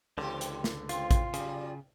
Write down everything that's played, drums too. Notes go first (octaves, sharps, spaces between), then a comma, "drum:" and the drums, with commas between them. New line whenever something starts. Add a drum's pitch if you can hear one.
C#2 D3 E3 C4 G4
drum: hi-hat
drum: snare
C4 F4, drum: hi-hat
drum: kick, hi-hat
C#3 F#3 G3, drum: hi-hat